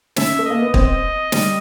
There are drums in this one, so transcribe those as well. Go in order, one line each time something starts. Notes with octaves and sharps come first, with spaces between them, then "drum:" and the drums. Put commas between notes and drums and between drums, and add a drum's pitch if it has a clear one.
C#4 E5, drum: snare
A3
A#3 D#5
B3
C4 D#5, drum: kick
G3, drum: snare